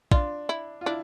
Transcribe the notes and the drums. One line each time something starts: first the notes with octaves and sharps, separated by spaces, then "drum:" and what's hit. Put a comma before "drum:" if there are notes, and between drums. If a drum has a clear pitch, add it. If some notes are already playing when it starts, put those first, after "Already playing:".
D4 F4, drum: kick
E4
F4
D4 E4